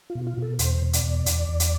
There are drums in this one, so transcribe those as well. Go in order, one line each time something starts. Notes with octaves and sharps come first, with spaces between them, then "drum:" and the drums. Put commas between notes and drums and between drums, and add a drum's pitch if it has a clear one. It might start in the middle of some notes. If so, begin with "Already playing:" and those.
F4
B2
F4
B2 A4
E2 C5, drum: hi-hat
B2
D5, drum: hi-hat
E2
E2, drum: hi-hat
E2
drum: hi-hat